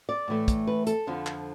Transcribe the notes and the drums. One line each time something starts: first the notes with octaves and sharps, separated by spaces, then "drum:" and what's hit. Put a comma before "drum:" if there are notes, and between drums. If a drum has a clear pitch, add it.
D5
A2 E3 A3
drum: kick, hi-hat
B4
A4, drum: hi-hat
F2 D3 F3
drum: clap